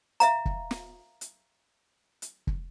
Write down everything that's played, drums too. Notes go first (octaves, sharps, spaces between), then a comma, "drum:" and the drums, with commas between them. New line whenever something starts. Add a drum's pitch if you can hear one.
E5 F5 A#5, drum: hi-hat
drum: kick
drum: snare
drum: hi-hat
drum: hi-hat
drum: kick